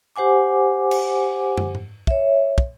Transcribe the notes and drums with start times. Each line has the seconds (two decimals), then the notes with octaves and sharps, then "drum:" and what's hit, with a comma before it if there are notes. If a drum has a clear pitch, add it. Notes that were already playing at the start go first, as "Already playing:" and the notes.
0.16 G4 C5 F#5 G#5 D6
0.91 drum: cymbal
1.57 drum: tom
1.75 drum: tom G#2
2.07 C#5 E5, drum: kick
2.58 drum: kick